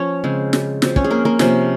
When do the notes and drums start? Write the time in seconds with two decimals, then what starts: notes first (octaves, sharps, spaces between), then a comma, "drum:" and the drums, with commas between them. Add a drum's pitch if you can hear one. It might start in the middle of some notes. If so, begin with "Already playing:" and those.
Already playing: F3 C#4 C#5
0.24 C#3 G#3 C4
0.53 drum: snare
0.82 F3 C4, drum: snare
0.96 C#4 C#5, drum: kick
1.04 G#4
1.10 A#3 A#4
1.25 A#3 A#4
1.39 C3 F3 A#3 C#4, drum: snare